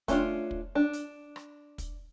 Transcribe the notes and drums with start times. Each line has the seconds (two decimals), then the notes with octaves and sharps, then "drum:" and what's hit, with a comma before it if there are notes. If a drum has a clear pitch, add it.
0.08 A3 C#4 D4 F4, drum: kick, hi-hat
0.51 drum: kick
0.75 D4
0.93 drum: hi-hat
1.36 drum: rim click
1.78 drum: kick, hi-hat